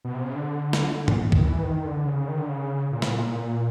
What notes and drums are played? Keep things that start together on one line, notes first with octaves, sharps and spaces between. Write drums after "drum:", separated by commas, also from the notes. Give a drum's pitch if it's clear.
B2
C3
C#3
D3
drum: snare
drum: tom G#2
D#3, drum: kick
E3
D#3
D3
C#3
D#3
D3
C#3
A#2
A2, drum: snare
A#2